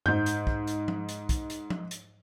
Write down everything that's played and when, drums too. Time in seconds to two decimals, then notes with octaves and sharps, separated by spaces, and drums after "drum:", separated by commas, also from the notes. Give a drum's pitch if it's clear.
0.06 G#2 G6, drum: tom F#2
0.26 drum: hi-hat
0.47 drum: kick
0.67 drum: hi-hat
0.88 drum: tom F3
1.09 drum: hi-hat
1.29 drum: kick, hi-hat
1.50 drum: hi-hat
1.70 drum: tom F3
1.91 drum: hi-hat